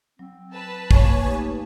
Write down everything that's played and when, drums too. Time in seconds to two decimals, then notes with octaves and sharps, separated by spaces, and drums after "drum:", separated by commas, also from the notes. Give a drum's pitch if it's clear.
0.19 F#3 C4
0.53 B4 A5
0.91 A#3 C#5 G#5, drum: kick
1.26 A3 D#4 G4